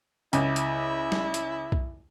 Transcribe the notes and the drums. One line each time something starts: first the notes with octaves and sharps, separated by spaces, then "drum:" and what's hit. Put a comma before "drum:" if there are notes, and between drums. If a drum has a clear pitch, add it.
C#2 E4, drum: hi-hat
drum: hi-hat
drum: snare
drum: hi-hat
drum: kick B1